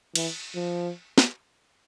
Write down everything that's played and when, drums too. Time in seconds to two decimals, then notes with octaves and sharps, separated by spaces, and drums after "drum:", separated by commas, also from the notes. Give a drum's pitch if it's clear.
0.15 E3, drum: cymbal
0.55 F3
1.18 drum: snare